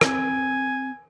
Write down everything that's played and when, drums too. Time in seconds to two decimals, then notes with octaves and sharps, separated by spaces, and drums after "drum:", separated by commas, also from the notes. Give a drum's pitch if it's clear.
0.01 C4 G#5, drum: rim click